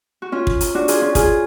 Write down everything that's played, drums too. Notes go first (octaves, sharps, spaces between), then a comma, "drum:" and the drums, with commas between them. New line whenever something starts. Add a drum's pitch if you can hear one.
F#4
C#4 F4
drum: kick
drum: hi-hat
D4 F#4
F4 G#4, drum: hi-hat
C#4 F4
F4 G#4, drum: kick, hi-hat